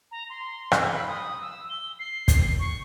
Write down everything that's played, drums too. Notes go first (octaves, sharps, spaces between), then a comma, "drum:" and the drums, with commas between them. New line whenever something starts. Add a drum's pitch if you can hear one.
A#5
C6
drum: rim click
B5
D#6
E6
G7
C7
drum: kick, hi-hat
C#6